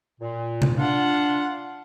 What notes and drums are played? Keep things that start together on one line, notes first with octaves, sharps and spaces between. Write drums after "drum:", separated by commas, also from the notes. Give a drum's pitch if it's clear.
A#2
drum: tom C3
D4 F4 F#5